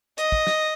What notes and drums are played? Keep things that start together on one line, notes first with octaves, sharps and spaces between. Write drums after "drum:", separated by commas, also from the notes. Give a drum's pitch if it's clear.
D#5, drum: hi-hat
drum: kick
drum: snare